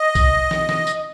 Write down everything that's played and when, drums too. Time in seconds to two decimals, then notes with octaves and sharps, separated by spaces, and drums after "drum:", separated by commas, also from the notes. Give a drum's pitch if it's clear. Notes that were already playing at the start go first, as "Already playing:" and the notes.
Already playing: D#5
0.15 drum: kick B1, tambourine
0.51 drum: snare
0.69 drum: snare
0.87 drum: tambourine